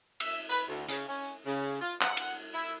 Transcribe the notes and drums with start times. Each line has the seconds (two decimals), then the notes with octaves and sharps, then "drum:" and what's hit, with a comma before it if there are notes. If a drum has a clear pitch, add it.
0.20 E5, drum: cymbal
0.50 B4
0.68 D2
0.89 C#3, drum: hi-hat
1.08 C#4
1.46 C#3
1.81 F4
2.01 F#5, drum: clap
2.17 drum: cymbal
2.53 E4